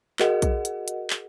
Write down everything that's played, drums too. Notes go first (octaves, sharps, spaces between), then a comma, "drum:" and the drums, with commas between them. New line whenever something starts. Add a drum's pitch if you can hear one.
F#4 G#4 A#4 D#5 F#5, drum: clap
drum: kick A#1, hi-hat
drum: hi-hat
drum: hi-hat
drum: clap